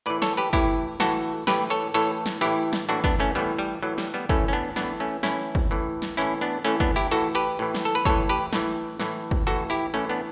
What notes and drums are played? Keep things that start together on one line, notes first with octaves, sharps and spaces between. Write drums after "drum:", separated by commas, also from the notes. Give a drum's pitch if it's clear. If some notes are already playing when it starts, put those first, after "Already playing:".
A2 E3 B4 D5
A4 C#5, drum: snare
G4 B4
A2 E3 E4 G4, drum: kick
A2 E3 F#4 A4, drum: snare
A2 E3 G4 B4, drum: snare
A4 C#5
A2 E3 A4 C#5
drum: snare
A2 E3 E4 G4
drum: snare
A2 E3 D4 F#4
B3 D4, drum: kick
A3 C#4
A2 E3 G3 B3
G3
A2 E3 F#3
G3, drum: snare
G3 B3
A2 E3 A3 C#4, drum: kick
C#4
B3 D4
A2 E3 B3 D4, drum: snare
A3 C#4
A2 E3 C#4 E4, drum: snare
drum: kick
A2 E3
drum: snare
A2 E3 C#4 E4
B3 D4
A2 E3 A3 C#4
B3 D4, drum: kick
E4 G4
A2 E3 F#4 A4
G4 B4
A2 E3
drum: snare
A4
B4
A2 E3 A4 C#5, drum: kick
G4 B4
A2 E3, drum: snare
A2 E3, drum: snare
drum: kick
A2 E3 F#4 A4
E4 G4
A2 E3 A3 C#4
B3 D4